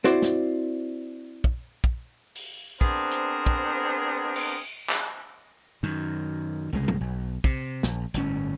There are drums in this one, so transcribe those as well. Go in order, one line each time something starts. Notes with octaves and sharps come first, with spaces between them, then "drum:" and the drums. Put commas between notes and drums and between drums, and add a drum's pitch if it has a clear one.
C4 E4 F#4 C5 D5, drum: snare
drum: snare
drum: kick
drum: kick
drum: open hi-hat
B3 C4 D4 G#4 A#4 C5, drum: kick
drum: hi-hat
drum: kick
drum: cymbal
drum: clap
F#2 D#3
C2 C#3 G#3
drum: tom
B1
C3, drum: kick
A#1, drum: snare
G1 A2 C#4, drum: hi-hat